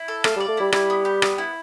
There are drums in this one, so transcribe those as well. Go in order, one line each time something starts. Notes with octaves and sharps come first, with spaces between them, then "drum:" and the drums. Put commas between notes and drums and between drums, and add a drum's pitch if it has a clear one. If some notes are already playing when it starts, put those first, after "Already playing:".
Already playing: E4
A4
A3 F5, drum: rim click
G3
D5
A3
G3 E4
G3 E4, drum: rim click
B3
G4
B3, drum: rim click
E4